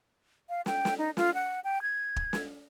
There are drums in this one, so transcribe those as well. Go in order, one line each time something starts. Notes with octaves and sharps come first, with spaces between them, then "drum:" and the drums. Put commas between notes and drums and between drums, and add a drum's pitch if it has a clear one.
F5
G5, drum: snare
drum: snare
D#4
F4, drum: snare
F#5
G5
G#6
drum: kick
drum: snare